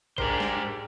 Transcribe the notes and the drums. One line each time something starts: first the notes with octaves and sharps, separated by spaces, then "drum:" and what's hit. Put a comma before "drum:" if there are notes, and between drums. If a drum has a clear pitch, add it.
D4 G4 G#4 A#4 C5, drum: kick
drum: snare